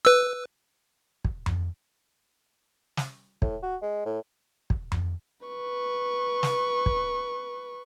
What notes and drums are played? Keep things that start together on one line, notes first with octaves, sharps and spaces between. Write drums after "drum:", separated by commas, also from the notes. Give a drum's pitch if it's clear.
B4 E6
drum: kick
drum: tom F2
drum: snare
A2, drum: kick
F#4
G#3
A2
drum: kick
drum: tom F2
B4 C#6
drum: snare
drum: kick